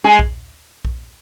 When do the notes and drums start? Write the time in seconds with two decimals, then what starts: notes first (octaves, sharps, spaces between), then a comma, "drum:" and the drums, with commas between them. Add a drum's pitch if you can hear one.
0.04 G#3 G#4
0.19 drum: kick A#1
0.85 drum: kick A#1